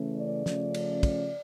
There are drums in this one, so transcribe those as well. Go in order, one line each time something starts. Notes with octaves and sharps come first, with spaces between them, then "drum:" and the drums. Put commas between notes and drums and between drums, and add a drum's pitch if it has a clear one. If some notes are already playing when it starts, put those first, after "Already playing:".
Already playing: C#3 E3 A3 C#4
D5
C#3 F3 A3 C#4, drum: snare
drum: cymbal
drum: kick, cymbal